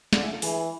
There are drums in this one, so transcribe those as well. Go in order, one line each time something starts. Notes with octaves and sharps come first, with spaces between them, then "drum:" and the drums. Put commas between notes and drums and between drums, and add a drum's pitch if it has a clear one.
D3 D4 F4, drum: snare
E4 G#4
F4 A4
E3 G#4 B4, drum: open hi-hat